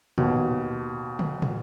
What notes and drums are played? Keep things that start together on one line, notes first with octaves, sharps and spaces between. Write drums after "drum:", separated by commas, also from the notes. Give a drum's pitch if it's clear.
D#2 B2, drum: tom
drum: tom
drum: tom